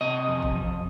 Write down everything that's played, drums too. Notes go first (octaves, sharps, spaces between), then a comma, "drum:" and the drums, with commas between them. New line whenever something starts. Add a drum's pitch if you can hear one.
C3 D#5
F2
drum: kick
F2